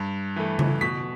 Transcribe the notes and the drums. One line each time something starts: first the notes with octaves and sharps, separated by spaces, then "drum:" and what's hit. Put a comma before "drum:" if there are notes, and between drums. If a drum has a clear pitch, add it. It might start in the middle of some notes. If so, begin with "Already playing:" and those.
Already playing: G2
E3 A3
drum: tom C#3
B2 B6